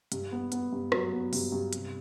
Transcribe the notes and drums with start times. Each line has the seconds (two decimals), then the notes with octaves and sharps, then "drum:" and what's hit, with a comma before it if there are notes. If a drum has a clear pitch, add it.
0.12 G2, drum: hi-hat
0.32 B3
0.52 B3, drum: hi-hat
0.73 G2
0.92 F#3, drum: rim click
1.12 B3
1.33 G2, drum: open hi-hat
1.52 G2
1.73 C3, drum: hi-hat